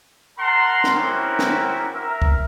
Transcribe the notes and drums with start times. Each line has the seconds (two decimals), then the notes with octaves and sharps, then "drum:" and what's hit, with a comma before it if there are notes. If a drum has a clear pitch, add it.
0.38 A#4 F#5 A5 A#5 C6
0.84 drum: snare
0.94 C4 C#4 E4 F#4 G4 A#4
1.39 drum: snare
1.94 A#4 E5
2.22 drum: kick C2